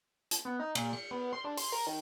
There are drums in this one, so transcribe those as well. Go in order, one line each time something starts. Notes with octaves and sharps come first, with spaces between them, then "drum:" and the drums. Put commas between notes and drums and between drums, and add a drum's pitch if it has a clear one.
drum: hi-hat
B3
D#4
A#2, drum: cymbal
C#7
B3
C6
D4
C6, drum: open hi-hat
A#4
D#3